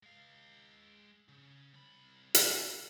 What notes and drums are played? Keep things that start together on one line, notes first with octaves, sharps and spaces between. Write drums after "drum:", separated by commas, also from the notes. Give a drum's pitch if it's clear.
G#3 F5
C#3
C2 B5
drum: hi-hat